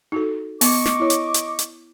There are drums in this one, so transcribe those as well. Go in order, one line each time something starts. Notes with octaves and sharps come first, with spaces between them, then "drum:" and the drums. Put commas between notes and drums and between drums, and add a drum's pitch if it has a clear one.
D#4 F#4 A4
B3 D#5 C#6 D6, drum: open hi-hat
drum: snare
E4 C#5
drum: hi-hat
drum: hi-hat
drum: hi-hat